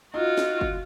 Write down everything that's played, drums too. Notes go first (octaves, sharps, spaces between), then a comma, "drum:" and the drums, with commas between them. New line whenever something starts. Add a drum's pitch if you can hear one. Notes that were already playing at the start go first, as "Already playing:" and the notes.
D#4 F4 F#4
drum: snare
drum: kick